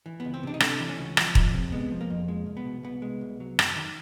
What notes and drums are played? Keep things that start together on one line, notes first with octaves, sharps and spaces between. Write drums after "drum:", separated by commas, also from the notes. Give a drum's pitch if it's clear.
E3
B3
C#2
C4
C3 D4
D#4
A3 D4, drum: rim click
E3
C#4
C#2
F3, drum: rim click
F2, drum: kick E1
C3
G#3 B3
F3
A#3
F2
G#3
C2
B3
B2
C2 B3
G#3
C2
F#3
F#2, drum: rim click
D#3